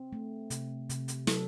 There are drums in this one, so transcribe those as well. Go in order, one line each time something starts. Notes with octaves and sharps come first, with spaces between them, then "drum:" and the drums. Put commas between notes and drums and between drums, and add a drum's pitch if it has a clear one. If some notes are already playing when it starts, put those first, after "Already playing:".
Already playing: C4
A3
C3, drum: hi-hat
C3, drum: hi-hat
drum: hi-hat
F#3 A4, drum: snare